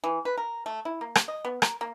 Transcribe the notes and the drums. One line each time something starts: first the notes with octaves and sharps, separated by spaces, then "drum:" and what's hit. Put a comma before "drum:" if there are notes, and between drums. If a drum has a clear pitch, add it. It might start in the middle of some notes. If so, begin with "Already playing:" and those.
E3
B4
A#4
A3
E4
A#3
drum: rim click
D#5
B3
A#4, drum: rim click
A#3